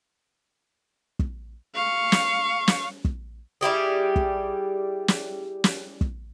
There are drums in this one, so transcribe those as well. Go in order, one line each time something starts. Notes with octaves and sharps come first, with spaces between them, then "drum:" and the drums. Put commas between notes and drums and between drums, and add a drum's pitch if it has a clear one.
drum: kick
F5 C#6
drum: snare
drum: snare
drum: kick
G3 E4 G4 G#4
drum: kick
drum: snare
drum: snare
drum: kick